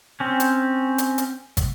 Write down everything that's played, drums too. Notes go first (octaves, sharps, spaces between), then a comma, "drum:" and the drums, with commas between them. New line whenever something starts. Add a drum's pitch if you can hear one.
C4 C#4
drum: hi-hat
drum: hi-hat
drum: hi-hat
drum: kick, hi-hat